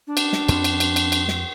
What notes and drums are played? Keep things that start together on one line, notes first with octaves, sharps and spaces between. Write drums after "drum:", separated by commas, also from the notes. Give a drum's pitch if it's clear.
D4
drum: cymbal
drum: snare
F2 C4, drum: cymbal
drum: cymbal
drum: cymbal
drum: cymbal
drum: cymbal
drum: snare